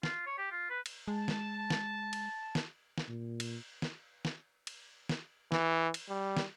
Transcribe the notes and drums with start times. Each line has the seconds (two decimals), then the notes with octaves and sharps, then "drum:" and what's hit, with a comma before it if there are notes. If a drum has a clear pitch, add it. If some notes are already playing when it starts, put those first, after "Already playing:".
0.03 F4, drum: snare
0.27 C#5
0.38 G4
0.51 F4
0.70 B4
0.86 drum: cymbal
1.08 G#3 A5
1.28 drum: snare
1.70 drum: snare
2.13 drum: cymbal
2.55 drum: snare
2.98 drum: snare
3.08 A#2
3.40 drum: cymbal
3.82 drum: snare
4.25 drum: snare
4.67 drum: cymbal
5.09 drum: snare
5.52 E3, drum: snare
5.94 drum: cymbal
6.09 G3
6.37 drum: snare